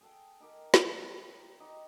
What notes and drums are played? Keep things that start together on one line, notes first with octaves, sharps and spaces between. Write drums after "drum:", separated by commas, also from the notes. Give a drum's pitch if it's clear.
G#4 A4 G5
D#4 G4 A#4
drum: snare
D#4 G4